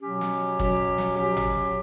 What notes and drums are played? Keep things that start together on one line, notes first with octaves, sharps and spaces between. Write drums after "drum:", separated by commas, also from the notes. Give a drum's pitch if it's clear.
B2 F#3 C#4 G4
drum: snare
B2 F#3 C#4 G4, drum: kick
drum: snare
B2 F#3 C#4 G4
drum: tom G#1